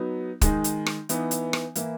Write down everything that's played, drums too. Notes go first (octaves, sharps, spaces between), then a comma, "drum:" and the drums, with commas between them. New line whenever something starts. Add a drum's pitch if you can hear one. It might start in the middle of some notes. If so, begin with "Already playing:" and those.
Already playing: F#3 B3 D#4
D#3 G#3 D#4, drum: kick, hi-hat
drum: hi-hat
drum: rim click
E3 B3 D#4, drum: hi-hat
drum: hi-hat
drum: rim click
E3 A#3 E4, drum: hi-hat